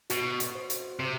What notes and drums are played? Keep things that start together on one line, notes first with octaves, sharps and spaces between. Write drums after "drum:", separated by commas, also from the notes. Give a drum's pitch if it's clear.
B2 F#4, drum: hi-hat
drum: hi-hat
C5
drum: hi-hat
C3 C5